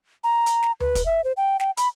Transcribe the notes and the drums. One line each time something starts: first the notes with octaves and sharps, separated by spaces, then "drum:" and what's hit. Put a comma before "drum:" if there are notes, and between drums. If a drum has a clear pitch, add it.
A#5
drum: hi-hat
drum: snare
B4, drum: tom D2
drum: kick, hi-hat
E5
C5
G5
G5, drum: snare
B5, drum: hi-hat